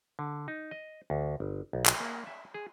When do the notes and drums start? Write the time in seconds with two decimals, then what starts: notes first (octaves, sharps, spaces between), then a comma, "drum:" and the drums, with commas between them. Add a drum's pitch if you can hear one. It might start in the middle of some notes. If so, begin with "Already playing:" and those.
0.19 D3
0.48 D#4
0.71 D#5
1.10 D2
1.40 G1
1.73 B1
1.86 drum: clap
2.00 A#3
2.27 E5
2.54 G#4